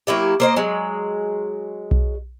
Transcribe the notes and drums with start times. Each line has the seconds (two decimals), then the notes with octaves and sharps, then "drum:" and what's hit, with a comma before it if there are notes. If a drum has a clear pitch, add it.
0.07 F#3 A#3 E4 G4
0.40 A#3 C5 D#5
0.56 F#3 G#3
1.91 drum: kick B1